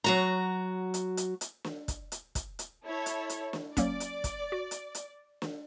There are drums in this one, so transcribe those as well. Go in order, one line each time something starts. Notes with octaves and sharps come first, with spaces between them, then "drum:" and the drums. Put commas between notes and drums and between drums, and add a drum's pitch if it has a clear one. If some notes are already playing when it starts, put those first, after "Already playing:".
F#3 F#4 A#5
drum: hi-hat
drum: hi-hat
drum: hi-hat
drum: snare
drum: kick, hi-hat
drum: hi-hat
drum: kick, hi-hat
drum: hi-hat
E4 A4 C#5
drum: hi-hat
drum: hi-hat
drum: snare
F#3 A#3 C#4 D5, drum: kick, hi-hat
drum: hi-hat
drum: kick, hi-hat
F#4
drum: hi-hat
drum: hi-hat
drum: snare